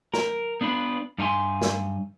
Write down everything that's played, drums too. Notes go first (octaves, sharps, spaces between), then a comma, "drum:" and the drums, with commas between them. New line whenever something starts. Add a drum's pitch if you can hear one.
A#4, drum: snare
B3 D4 F4 B4
G2 D#4 F4 G#5 C6
drum: snare